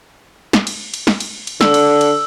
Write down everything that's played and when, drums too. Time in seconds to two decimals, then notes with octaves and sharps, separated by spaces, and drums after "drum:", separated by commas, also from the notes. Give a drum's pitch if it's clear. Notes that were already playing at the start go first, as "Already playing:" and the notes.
0.53 drum: snare
0.67 drum: cymbal
0.94 drum: cymbal
1.07 drum: snare
1.20 drum: cymbal
1.47 drum: cymbal
1.61 D3 E6, drum: snare
1.74 drum: cymbal
2.01 drum: cymbal